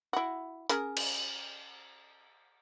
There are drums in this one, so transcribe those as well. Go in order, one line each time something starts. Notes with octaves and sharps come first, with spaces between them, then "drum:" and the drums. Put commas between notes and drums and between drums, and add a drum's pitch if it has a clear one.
E4 F#4
C#4 G#4 A#4, drum: hi-hat
drum: cymbal